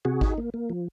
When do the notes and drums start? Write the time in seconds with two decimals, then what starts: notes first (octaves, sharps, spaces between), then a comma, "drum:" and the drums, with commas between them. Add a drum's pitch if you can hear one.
0.05 C3 F#4 G#4
0.21 D#4, drum: kick G#1
0.38 A#3
0.54 A#3
0.70 F3